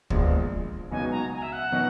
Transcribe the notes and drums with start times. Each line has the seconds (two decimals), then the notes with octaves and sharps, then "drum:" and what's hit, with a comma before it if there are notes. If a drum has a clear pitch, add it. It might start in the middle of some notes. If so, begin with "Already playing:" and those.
0.10 A#1 A#2 G#3 B3, drum: kick
0.91 C#2 B2 F#3 B3 D#4 G#5
1.11 A#5
1.33 G#5
1.42 E5
1.52 F#5
1.72 B2 F#3 B3 D#4